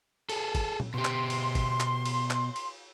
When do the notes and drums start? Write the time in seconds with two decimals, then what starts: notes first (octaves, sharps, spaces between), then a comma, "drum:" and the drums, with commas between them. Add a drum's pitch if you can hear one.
0.29 G#4 A4, drum: cymbal
0.55 drum: kick, cymbal
0.80 drum: tom A#2
0.94 B2 G4 C6
1.05 drum: clap
1.30 drum: cymbal
1.55 drum: kick, cymbal
1.80 drum: clap
2.05 drum: cymbal
2.31 drum: clap
2.56 drum: cymbal